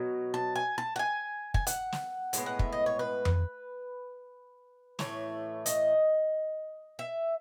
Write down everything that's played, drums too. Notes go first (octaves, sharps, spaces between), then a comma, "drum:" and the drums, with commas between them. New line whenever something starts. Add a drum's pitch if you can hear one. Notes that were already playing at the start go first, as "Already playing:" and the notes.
Already playing: B2 F#3
A5
G#5
A5
F#5
G#5
G#5, drum: kick
F#5, drum: hi-hat
drum: snare
A2 G#3 B3, drum: hi-hat
F#5
E5, drum: kick
D#5
C#5
B4
drum: tom F2
A2 E3 A3 C#5, drum: snare
D#5, drum: hi-hat
E5